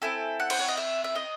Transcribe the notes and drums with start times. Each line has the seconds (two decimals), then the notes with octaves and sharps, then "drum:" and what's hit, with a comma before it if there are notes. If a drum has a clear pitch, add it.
0.02 C4 E4 A4 G#5
0.40 F#5
0.50 C5, drum: cymbal
0.59 C#5
0.68 D#5
0.77 E5
1.04 E5
1.16 D#5